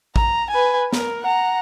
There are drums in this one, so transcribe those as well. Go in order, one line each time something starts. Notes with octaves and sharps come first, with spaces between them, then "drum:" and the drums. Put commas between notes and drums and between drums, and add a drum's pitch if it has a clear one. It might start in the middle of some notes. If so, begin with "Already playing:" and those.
A#5, drum: kick
B4 G#5
A#4, drum: snare
F#5 A#5